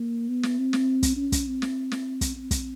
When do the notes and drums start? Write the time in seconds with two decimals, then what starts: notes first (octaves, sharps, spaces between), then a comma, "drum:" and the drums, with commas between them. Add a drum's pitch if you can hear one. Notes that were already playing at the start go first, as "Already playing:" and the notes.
Already playing: A#3
0.29 B3
0.43 drum: snare
0.58 C4
0.73 drum: snare
1.03 drum: kick, hi-hat
1.17 C#4
1.32 drum: kick, hi-hat
1.47 C4
1.62 drum: snare
1.92 drum: snare
2.21 drum: kick, hi-hat
2.36 C4
2.51 drum: kick, hi-hat